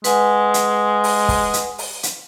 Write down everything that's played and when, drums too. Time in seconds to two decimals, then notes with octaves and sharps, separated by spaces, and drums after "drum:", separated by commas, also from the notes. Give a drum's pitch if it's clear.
0.04 G#3 B4 F#5 G#5, drum: hi-hat
0.54 drum: hi-hat
1.04 drum: open hi-hat
1.29 drum: kick, open hi-hat
1.53 drum: hi-hat
1.78 drum: open hi-hat
2.03 drum: hi-hat